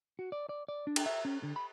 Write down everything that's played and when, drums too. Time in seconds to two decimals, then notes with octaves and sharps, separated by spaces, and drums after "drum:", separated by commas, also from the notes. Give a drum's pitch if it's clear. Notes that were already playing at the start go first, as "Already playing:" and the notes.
0.19 F#4
0.32 D5
0.49 D5
0.68 D5
0.87 D4
0.96 drum: cymbal
1.06 E5
1.25 C#4
1.43 D3
1.56 B5